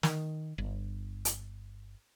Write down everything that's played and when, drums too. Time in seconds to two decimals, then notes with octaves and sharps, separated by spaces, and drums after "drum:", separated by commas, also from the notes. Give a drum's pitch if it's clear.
0.03 D#3, drum: snare
0.58 G1
1.25 drum: hi-hat